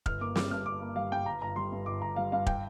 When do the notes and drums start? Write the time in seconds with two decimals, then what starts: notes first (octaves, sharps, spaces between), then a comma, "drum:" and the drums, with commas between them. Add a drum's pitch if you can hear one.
0.06 G1 F6, drum: kick
0.21 A#3 D6
0.36 G3 D6, drum: snare
0.51 G2 F6
0.66 G1 D6
0.82 A#3
0.96 G3 F5
1.12 G2 G5
1.26 G1 A#5
1.42 G1 A#5
1.56 G3 C6
1.72 G2
1.86 G1 D6
2.02 G1 A#5
2.16 G3 F5
2.32 G2 F5
2.46 G5, drum: kick